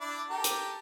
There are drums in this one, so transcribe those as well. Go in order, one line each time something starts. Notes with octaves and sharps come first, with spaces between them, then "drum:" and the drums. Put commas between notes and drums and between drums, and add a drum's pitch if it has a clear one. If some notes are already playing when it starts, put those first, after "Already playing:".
D4 E4 D5
G4 A4 A#4
drum: hi-hat